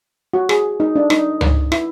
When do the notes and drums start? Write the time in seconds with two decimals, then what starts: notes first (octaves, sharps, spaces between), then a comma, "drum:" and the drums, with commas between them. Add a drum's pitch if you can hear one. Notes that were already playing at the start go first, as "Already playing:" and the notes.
0.34 F#4
0.49 G#4, drum: rim click
0.80 D#4
0.96 D4
1.10 D#4, drum: rim click
1.41 drum: tom C#2
1.72 E4, drum: rim click